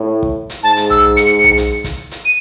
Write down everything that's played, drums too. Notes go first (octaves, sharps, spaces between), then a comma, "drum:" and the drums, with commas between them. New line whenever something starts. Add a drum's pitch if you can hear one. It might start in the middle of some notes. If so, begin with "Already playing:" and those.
Already playing: A2
drum: kick
drum: hi-hat
G#2 A5
drum: hi-hat
E6, drum: tom B1
C#7, drum: hi-hat
drum: tom B1
drum: hi-hat
drum: kick, hi-hat
drum: hi-hat
D#7